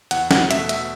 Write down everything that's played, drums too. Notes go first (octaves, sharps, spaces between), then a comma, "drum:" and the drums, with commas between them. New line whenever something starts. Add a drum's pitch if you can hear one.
E2 F#5, drum: hi-hat
F#5, drum: snare
B2 A3 E5, drum: hi-hat
E5, drum: hi-hat